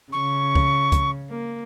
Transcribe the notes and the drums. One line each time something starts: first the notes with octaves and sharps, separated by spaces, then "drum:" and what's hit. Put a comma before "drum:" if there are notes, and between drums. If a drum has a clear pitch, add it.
C#3 C#6
drum: kick
drum: kick, hi-hat
A#3